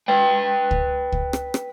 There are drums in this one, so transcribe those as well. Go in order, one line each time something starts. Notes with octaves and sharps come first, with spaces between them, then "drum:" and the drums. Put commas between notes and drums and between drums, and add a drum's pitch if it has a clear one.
B4 G5
drum: kick C#2
drum: kick C#2
drum: rim click
drum: rim click